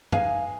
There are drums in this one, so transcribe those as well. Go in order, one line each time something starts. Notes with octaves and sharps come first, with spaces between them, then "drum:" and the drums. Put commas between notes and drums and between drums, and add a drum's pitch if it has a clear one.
D#4 G#4 B4 F5 G#5, drum: tom